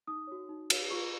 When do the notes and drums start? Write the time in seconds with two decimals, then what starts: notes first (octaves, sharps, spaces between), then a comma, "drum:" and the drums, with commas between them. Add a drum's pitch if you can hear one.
0.07 D#4 D#6
0.27 F#4 C#5
0.49 D#4
0.70 F#4 C#5, drum: cymbal
0.90 F4 C#6